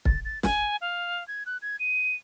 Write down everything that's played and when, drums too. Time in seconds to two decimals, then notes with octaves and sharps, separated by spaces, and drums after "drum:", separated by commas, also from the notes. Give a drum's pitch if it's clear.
0.05 A6, drum: kick
0.25 A6
0.43 G#5, drum: snare
0.81 F5
1.28 G#6
1.46 F#6
1.62 G#6
1.79 D#7